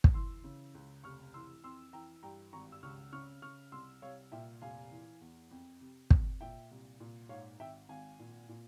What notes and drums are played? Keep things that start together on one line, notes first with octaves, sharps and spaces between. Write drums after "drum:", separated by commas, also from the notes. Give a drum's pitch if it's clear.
drum: kick
E3 C6 E6
C#3
C#2
F1 C#6 F6
E3 C6 E6
F2 C6 E6
E3 G5 A#5
G2 G5 A#5
G#1 A#5 C#6
E6
C#2 C#6 F6
C#3 C#6 F6
C#3 C#6 F6
C2 C6 E6
C2 C#5 F5
A#2 E5 G5
F1 F5 G#5
E3
E2
F2
C3
F2, drum: kick
A#2 E5 G5
C2
A#2
G#2 C#5 F5
G#1 E5 G5
G#1 F5 G#5
A#2
A#2